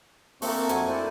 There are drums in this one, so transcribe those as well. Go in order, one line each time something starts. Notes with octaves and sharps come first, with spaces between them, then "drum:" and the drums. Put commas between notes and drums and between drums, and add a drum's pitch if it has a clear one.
A3 A#3 C4 D4 A#4 C#6, drum: open hi-hat
F2 F#4 G#5 C#6, drum: hi-hat
E4 C5 D5